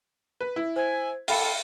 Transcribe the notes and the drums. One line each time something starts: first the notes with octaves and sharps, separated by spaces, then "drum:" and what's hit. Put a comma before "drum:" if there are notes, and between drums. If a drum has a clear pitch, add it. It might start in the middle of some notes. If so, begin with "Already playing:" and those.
B4
E4
C5 G#5 G#6
A4 F5 G5 B5 C#7, drum: open hi-hat